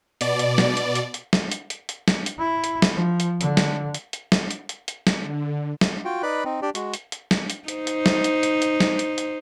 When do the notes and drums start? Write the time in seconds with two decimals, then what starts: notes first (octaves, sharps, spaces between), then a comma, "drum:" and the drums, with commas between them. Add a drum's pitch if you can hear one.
0.21 B2 D5, drum: hi-hat
0.39 drum: hi-hat
0.58 drum: snare
0.77 drum: hi-hat
0.95 drum: hi-hat
1.14 drum: hi-hat
1.33 drum: snare
1.52 drum: hi-hat
1.70 drum: hi-hat
1.89 drum: hi-hat
2.08 drum: snare
2.26 drum: hi-hat
2.38 E4
2.64 drum: hi-hat
2.82 drum: snare
2.95 F3
3.20 drum: hi-hat
3.41 D3, drum: hi-hat
3.57 drum: snare
3.94 drum: hi-hat
4.13 drum: hi-hat
4.32 drum: snare
4.51 drum: hi-hat
4.69 drum: hi-hat
4.88 drum: hi-hat
5.07 drum: snare
5.18 D3
5.81 drum: snare
6.05 F4 F#4 G5
6.23 D#4 B4 D5 B5 F#6
6.45 C4 D#4
6.62 D4 G4 D5
6.75 G#3 F#4, drum: hi-hat
6.94 drum: hi-hat
7.12 drum: hi-hat
7.31 drum: snare
7.50 drum: hi-hat
7.68 D#4 C5, drum: hi-hat
7.87 drum: hi-hat
8.06 drum: snare
8.24 drum: hi-hat
8.43 drum: hi-hat
8.62 drum: hi-hat
8.80 drum: snare
8.99 drum: hi-hat
9.18 drum: hi-hat